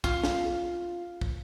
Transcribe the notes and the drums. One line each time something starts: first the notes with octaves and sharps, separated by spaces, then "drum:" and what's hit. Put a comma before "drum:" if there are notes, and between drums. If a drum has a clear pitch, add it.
F4, drum: kick
drum: snare
drum: kick